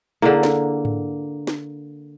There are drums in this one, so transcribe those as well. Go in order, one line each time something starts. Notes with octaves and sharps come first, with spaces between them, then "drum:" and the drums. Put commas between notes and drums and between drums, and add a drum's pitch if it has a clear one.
D3 A#3 E4 G#4 F#5
drum: snare
drum: tom G#2
drum: snare